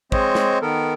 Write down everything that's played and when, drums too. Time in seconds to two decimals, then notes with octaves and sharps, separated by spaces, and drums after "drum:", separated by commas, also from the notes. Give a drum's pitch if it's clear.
0.12 G#3 C4 C5 C#5 D#5, drum: kick
0.35 drum: snare
0.62 D#3 B3 A4 A#4